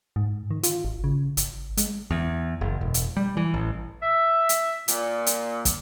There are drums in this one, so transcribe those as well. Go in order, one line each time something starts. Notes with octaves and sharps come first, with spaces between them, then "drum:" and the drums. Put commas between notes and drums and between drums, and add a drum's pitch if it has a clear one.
G#2
D#3
F4, drum: hi-hat
G#1
C#3
G#1, drum: hi-hat
G#3, drum: hi-hat
E2
F#1
E1
drum: hi-hat
G3
E3
A1
E5
drum: hi-hat
A#2, drum: hi-hat
drum: hi-hat
drum: kick, hi-hat